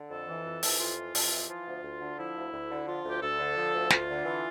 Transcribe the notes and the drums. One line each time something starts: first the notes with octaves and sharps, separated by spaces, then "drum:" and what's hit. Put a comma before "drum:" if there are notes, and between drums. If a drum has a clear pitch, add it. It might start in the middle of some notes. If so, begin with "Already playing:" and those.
Already playing: D3
F2 A4
E3
F2
E3, drum: open hi-hat
F2 F4
E3
F2, drum: open hi-hat
E3
F3 F4
D2
D2
D3
F3 E4
D2
D2
D3
F3 F4
D2
G4
D2 A4
D3
F3
D2
D2 F4, drum: snare
D3
E3